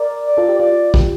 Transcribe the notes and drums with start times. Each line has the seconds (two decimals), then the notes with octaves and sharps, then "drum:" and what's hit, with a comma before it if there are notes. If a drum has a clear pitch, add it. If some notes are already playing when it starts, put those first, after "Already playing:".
Already playing: A#4 D5
0.27 D5
0.37 F4 A4
0.49 G4
0.59 F4 D5
0.94 G4, drum: kick